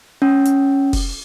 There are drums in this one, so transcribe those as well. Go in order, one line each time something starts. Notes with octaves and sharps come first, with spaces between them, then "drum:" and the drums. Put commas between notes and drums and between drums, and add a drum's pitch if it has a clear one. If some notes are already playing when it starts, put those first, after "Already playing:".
C#4
drum: hi-hat
drum: kick F1, open hi-hat